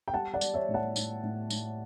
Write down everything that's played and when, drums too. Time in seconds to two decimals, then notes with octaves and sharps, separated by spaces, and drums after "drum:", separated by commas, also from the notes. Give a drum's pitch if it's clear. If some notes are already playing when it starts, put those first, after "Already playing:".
0.08 G5
0.13 G3 F#5 A5
0.34 D5 F#5
0.41 G3, drum: tambourine
0.54 C#5 E5
0.69 A2
0.74 F#5 A5
0.96 A2, drum: tambourine
1.23 A2
1.50 A2, drum: tambourine